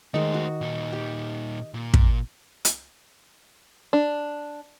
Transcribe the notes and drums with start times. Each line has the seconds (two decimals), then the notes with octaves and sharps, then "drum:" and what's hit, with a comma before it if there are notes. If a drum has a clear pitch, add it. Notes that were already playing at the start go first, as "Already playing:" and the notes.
0.14 D#3 G#3 A3 C5 D#5
0.34 F#4
0.61 A#2 D#4
0.93 G4
1.74 A#2
1.94 drum: kick
2.65 drum: hi-hat
3.93 D4